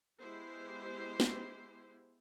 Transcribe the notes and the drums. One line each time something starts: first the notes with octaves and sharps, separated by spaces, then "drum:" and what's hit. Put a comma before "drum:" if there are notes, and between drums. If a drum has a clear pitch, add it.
G#3 B3 E4 G4 C5
drum: snare